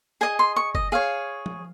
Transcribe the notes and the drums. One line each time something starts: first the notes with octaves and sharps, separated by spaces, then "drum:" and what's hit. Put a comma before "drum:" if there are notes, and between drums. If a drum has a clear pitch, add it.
G#4 D#5 G#5
C6
C#6
D#5, drum: kick F#1
G#4 C#5 F5
drum: tom F3